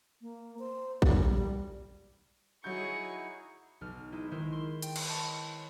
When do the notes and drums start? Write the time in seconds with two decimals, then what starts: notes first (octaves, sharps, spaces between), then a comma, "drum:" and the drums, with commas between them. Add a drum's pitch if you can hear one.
0.22 A#3
0.59 C5
1.02 G3, drum: kick
2.64 F#3 D#4 E4 F#4 G#4 C#6 G6
3.81 B1 F6
4.12 G#3 D#4 E4
4.31 D#3 G#3 E4 A#4 C5
4.53 C6
4.82 G5, drum: hi-hat
4.96 drum: cymbal
5.05 C5 C#5 D#5 A5